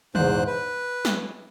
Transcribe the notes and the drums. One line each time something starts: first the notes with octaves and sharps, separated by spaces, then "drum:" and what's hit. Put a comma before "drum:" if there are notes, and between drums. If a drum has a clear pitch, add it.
E2 G#2 C5 F#6, drum: tom
B4
drum: snare